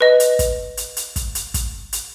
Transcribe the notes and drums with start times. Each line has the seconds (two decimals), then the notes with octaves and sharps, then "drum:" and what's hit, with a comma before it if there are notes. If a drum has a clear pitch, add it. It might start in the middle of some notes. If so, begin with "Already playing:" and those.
0.01 B4 D#5
0.20 drum: hi-hat
0.39 drum: kick, hi-hat
0.77 drum: hi-hat
0.97 drum: hi-hat
1.16 drum: kick, hi-hat
1.35 drum: hi-hat
1.54 drum: kick, hi-hat
1.93 drum: hi-hat